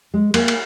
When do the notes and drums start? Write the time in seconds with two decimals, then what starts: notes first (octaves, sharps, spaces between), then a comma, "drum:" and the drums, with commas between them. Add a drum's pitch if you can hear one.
0.14 G#3
0.34 A#3, drum: cymbal
0.48 drum: cymbal